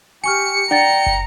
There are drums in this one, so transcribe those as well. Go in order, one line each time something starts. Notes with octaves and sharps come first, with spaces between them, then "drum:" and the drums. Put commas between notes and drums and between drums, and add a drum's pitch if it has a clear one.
G4 G#5 C#6 F6 C#7
D5 F#5 G5 A#5 A6, drum: tom D4
drum: kick